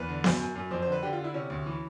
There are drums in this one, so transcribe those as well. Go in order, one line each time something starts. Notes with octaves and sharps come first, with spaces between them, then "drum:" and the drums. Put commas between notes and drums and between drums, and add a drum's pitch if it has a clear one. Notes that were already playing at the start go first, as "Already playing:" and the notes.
Already playing: E2 B4
D3
F#2, drum: snare B3
F#2
F#2
F2 C5
D3 C5
B4
D3 G4
F4
D3
E4
C3 C#4
D2
E3